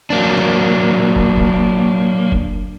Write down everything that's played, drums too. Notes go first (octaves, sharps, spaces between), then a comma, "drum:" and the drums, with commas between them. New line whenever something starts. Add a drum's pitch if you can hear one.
F#3 A#3 D4
drum: snare
drum: kick
drum: kick
drum: kick